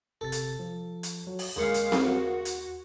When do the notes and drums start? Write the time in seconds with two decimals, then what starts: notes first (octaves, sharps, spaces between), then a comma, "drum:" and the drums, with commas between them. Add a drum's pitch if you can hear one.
0.21 G1 C3 A4 A6
0.32 drum: hi-hat
0.59 F3
1.03 drum: hi-hat
1.27 F#3
1.39 drum: open hi-hat
1.56 D#2 C#3 G#3 A#3 F5 C6 C#7
1.74 drum: hi-hat
1.92 drum: snare C4
2.01 F#4
2.45 drum: hi-hat